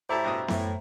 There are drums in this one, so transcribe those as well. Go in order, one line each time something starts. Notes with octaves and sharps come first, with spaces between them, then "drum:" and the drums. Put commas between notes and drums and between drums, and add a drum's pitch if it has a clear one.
A2 E4 G4 A4 C5 D5 E5 A#5
G2 B2 D#6
F#2 A2 E3 A3, drum: snare B3